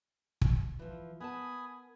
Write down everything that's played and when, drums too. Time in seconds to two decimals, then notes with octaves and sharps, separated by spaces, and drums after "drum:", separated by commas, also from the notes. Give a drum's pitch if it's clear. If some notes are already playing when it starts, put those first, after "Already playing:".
0.41 drum: kick
0.79 E3 F3
1.20 B3 A#4 G#5 A5 B5 D#6